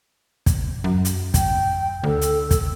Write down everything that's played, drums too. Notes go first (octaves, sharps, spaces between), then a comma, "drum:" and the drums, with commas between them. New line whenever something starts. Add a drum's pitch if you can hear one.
drum: kick, hi-hat
F#2
drum: hi-hat
G5, drum: kick, hi-hat
D2 A4
drum: hi-hat
drum: kick, hi-hat